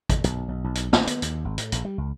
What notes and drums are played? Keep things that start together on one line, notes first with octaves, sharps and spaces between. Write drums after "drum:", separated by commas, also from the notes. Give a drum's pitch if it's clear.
drum: kick G#1, hi-hat
B1, drum: hi-hat
B1
B1
drum: hi-hat
A1, drum: snare
B3, drum: hi-hat
D#2, drum: hi-hat
G#1
A2, drum: hi-hat
A#1, drum: hi-hat
G3
C#2